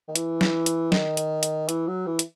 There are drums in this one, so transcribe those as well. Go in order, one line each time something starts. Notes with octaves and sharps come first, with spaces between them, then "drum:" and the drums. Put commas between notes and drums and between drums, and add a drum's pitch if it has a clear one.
D#3
E3, drum: hi-hat
drum: snare
drum: hi-hat
D#3, drum: snare
drum: hi-hat
drum: hi-hat
E3, drum: hi-hat
F#3
E3
drum: hi-hat